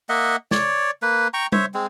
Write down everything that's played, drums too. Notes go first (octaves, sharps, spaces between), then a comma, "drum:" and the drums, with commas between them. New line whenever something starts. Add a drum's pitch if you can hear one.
A#3 D#5 E5 F#5
C#5 D5, drum: snare
A#3 B4
G5 A#5 C#6
C5 C#5 E5, drum: tom G3
G#3 C4